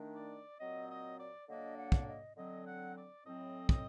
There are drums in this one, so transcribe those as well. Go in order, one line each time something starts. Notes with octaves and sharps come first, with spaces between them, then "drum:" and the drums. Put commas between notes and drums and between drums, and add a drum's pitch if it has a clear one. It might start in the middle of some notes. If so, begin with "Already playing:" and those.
Already playing: D#3 A3 D4
D5
A#2 F#3 C4 D#5
D#5
D5
D3 F#3 A#3 D4 D#5
F#5
drum: kick
D#5
D3 F#3 C4 D#5
F#5
D5
A2 F#3 C4 D#5
D#5, drum: kick